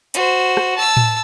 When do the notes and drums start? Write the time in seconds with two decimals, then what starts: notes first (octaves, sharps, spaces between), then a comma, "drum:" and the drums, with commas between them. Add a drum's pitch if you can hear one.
0.14 F#4 C5, drum: hi-hat
0.57 drum: rim click
0.76 A5 E6
0.97 drum: tom A2